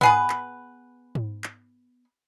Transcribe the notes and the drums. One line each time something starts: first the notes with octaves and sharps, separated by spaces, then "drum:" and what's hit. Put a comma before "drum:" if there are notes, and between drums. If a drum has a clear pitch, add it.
B3 G#4 B4, drum: tom G#2
drum: clap
drum: tom G#2
drum: clap